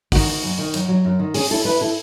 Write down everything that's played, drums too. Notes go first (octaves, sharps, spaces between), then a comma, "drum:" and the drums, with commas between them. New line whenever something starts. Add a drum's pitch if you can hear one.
D#3 F#4, drum: kick, open hi-hat
D#3
F#2
D#3
F#2, drum: hi-hat
F#3
F#2
D#3
C#4 G#4, drum: open hi-hat
E4 A4
E4 B4
E4 A4